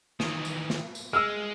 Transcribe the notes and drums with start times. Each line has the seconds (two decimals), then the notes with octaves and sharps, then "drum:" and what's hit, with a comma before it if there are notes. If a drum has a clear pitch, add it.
0.20 D#3 E3, drum: snare
0.45 drum: tambourine
0.70 drum: snare
0.95 drum: tambourine
1.13 G#3 E6 F6